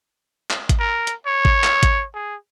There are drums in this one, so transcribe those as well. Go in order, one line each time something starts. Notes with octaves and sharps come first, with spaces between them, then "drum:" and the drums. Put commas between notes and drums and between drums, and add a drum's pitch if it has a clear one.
drum: clap
drum: kick G#1, hi-hat
A#4
drum: hi-hat
C#5
drum: kick G#1
drum: clap
drum: kick G#1, hi-hat
G#4